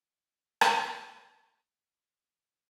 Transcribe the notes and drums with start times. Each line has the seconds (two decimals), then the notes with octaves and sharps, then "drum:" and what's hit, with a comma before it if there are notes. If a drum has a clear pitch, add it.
0.61 drum: rim click
1.25 C#3
1.42 E4
1.55 A3
1.68 C7
1.79 F2
1.92 F5
2.09 C#5
2.23 A#1
2.40 G6
2.51 D#7